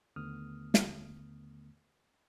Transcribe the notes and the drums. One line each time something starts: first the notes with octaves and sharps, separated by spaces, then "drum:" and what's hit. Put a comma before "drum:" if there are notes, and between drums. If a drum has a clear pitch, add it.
D#2 D3 A3 B3 D#6 F6
drum: snare